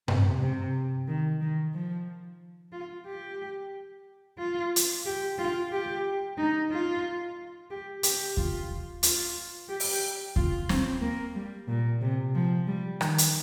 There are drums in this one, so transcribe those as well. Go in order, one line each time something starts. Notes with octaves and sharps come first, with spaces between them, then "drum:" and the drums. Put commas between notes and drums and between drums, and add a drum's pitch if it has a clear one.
C3, drum: tom G2
C3
D#3
D#3
F3
F4
G4
F4
drum: hi-hat
G4
F4
G4
D#4
F4
G4
G4, drum: hi-hat
F4, drum: kick D#2
F4, drum: hi-hat
G4
drum: open hi-hat
F4, drum: kick D#2
C4, drum: snare
A#3
G3
A#2
C3
F3
G3
D#3, drum: rim click
drum: hi-hat